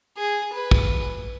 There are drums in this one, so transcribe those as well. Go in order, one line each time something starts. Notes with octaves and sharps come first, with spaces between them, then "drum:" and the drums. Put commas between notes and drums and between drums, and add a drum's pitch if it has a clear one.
G#4
B4
drum: kick